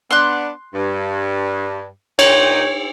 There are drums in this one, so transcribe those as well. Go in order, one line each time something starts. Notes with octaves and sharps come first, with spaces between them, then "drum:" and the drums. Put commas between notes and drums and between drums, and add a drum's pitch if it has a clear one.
B3 D4 C6 F#6
G2
A#2 D#4 C#5 G5, drum: cymbal